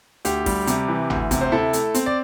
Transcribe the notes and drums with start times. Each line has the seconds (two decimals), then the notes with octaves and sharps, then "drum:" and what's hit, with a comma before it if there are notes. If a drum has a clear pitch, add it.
0.25 D2 G4, drum: hi-hat
0.46 G3, drum: kick, open hi-hat
0.67 C3, drum: hi-hat
0.88 E3
1.10 D2, drum: tom
1.31 C3, drum: kick, hi-hat
1.41 C5
1.52 C3 E4 A4
1.73 A3, drum: hi-hat
1.94 C4, drum: hi-hat
2.06 D5